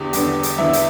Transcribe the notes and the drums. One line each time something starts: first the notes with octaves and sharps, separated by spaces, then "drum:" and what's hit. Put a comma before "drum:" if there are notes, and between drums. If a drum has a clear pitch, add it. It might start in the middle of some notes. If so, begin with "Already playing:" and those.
Already playing: E2 D3 B3 G4
E2 D3 B3, drum: hi-hat
drum: hi-hat
E2 D3 B3 E4 E5
drum: hi-hat